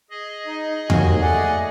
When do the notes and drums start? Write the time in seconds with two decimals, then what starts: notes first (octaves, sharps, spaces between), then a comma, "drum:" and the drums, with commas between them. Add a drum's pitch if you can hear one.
0.11 G#4 D#5
0.46 D#4
0.90 D#2 F#4 G#5, drum: tom E2
1.22 A3 D5 F#5 G#5